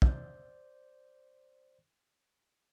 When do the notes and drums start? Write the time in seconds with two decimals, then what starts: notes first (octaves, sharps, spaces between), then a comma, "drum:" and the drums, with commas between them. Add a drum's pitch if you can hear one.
0.02 C5 D5 G6, drum: kick